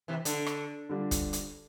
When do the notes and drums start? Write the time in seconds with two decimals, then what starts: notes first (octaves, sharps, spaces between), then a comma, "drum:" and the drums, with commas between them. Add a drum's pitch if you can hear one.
0.08 C3 E3
0.25 D3, drum: hi-hat
0.46 drum: rim click
0.89 D3 G3 D4 F4
1.11 drum: kick, hi-hat
1.33 drum: hi-hat